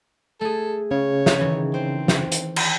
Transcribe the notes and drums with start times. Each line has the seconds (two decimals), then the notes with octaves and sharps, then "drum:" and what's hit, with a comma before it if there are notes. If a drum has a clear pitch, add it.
0.41 A3 G#4 A4
0.91 C#3 C#5
1.26 drum: snare
1.39 D#3 E3 C#4
1.74 C4 C5
2.08 drum: snare
2.32 drum: hi-hat
2.56 drum: cymbal